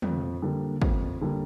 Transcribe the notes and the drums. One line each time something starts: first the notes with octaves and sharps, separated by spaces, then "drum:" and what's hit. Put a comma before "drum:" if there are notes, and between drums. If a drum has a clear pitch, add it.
F2, drum: tom
D3 G3 A#3
F2, drum: kick
D3 G3 A#3